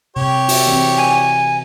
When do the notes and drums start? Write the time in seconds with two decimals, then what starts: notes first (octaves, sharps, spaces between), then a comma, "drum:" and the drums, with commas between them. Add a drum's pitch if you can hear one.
0.16 C3 G4 C#5
0.48 F#4 E5, drum: open hi-hat
0.67 E3 C4
0.97 G#5